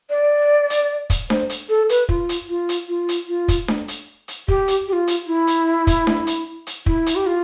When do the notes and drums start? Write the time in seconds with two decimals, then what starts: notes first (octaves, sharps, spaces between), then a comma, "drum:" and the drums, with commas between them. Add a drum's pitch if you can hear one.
0.10 D5
0.70 drum: hi-hat
1.10 drum: kick, hi-hat
1.30 C5, drum: snare D4
1.50 drum: hi-hat
1.69 A4
1.89 B4, drum: hi-hat
2.09 F4, drum: kick
2.29 drum: hi-hat
2.49 F4
2.69 drum: hi-hat
2.89 F4
3.09 drum: hi-hat
3.28 F4
3.48 drum: kick, hi-hat
3.68 drum: snare D4
3.88 drum: hi-hat
4.28 drum: hi-hat
4.48 G4, drum: kick
4.68 drum: hi-hat
4.88 G4
4.93 F4
5.08 drum: hi-hat
5.27 E4
5.47 drum: hi-hat
5.87 drum: kick, hi-hat
6.07 drum: snare D4
6.27 drum: hi-hat
6.67 drum: hi-hat
6.86 E4, drum: kick
7.06 drum: hi-hat
7.16 G4
7.26 F4